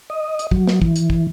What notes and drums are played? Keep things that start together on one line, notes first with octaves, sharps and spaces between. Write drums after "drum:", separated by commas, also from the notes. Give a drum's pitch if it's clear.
D#5
drum: hi-hat
F#3, drum: kick
drum: snare
E3, drum: kick
drum: hi-hat
drum: kick